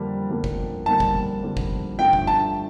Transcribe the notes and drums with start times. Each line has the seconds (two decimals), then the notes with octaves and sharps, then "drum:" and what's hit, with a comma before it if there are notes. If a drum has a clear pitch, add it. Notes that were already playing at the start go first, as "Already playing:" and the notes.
Already playing: F2 D3 G3 A#3 D4
0.30 F2 D3 G3 A#3 D4
0.44 drum: kick
0.86 F2 D3 G3 A#3 D4 A5
1.00 drum: kick
1.43 F2 D3 G3 A#3 D4
1.57 drum: kick
1.99 G2 D3 F3 A3 G5
2.13 drum: kick
2.27 A5